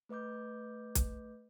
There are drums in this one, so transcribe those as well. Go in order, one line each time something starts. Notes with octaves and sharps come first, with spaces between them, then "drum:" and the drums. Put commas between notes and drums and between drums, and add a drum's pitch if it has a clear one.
A3 B4 D#5 D6 G6
drum: kick, hi-hat